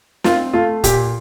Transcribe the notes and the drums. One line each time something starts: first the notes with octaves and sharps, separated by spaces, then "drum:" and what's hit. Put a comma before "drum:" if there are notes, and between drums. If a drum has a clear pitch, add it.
C4 F4, drum: snare
A3 F4
A#2 G4, drum: kick, hi-hat